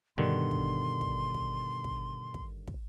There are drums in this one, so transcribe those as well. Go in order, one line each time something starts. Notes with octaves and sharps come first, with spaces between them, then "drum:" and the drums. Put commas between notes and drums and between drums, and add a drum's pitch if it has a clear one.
G2 B2 D3 D#3 C6
drum: kick
drum: kick
drum: kick
drum: kick
drum: kick
drum: kick